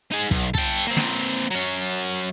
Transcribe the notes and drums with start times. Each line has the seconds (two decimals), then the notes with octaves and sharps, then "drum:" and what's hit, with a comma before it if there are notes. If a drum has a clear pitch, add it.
0.12 D#4 G#4
0.31 B1, drum: kick
0.55 A4 G5, drum: kick
0.87 A#3 C4
0.97 drum: snare
1.51 F#3 C#4